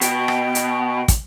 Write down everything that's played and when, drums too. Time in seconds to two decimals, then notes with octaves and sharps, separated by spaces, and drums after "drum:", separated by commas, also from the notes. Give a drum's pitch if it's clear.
0.01 B2 G5, drum: hi-hat
0.28 drum: rim click
0.55 drum: hi-hat
1.08 drum: kick, hi-hat